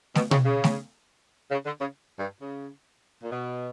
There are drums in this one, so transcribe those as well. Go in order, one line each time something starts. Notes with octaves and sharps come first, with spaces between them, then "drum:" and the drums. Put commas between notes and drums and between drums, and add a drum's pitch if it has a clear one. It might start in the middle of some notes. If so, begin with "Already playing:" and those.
B2, drum: snare
C#3, drum: tom B2
C#3
drum: snare
C#3
D3
C#3
G2
C#3
A#2
B2